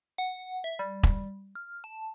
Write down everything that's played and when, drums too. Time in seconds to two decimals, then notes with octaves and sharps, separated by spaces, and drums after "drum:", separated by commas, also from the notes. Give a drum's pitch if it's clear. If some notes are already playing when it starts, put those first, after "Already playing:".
0.18 F#5
0.64 E5
0.79 G3
1.03 drum: kick E1
1.55 F6
1.84 A5